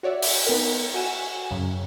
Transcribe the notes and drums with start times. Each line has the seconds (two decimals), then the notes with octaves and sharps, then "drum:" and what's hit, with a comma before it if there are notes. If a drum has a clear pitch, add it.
0.03 F#4 C#5 D5 E5 F#5
0.22 drum: open hi-hat
0.47 B3 D#4 A#4
0.94 F#4 G#5 E7
1.51 F#2 C#3